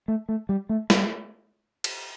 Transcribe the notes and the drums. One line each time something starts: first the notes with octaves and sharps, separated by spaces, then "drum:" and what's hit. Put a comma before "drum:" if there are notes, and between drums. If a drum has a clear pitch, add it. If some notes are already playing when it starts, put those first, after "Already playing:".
A3
A3
G3
A3
G3, drum: snare
drum: cymbal